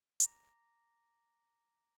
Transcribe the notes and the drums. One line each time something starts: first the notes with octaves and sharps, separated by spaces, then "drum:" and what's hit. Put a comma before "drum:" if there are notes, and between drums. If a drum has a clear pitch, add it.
A#5 D6 A#6, drum: hi-hat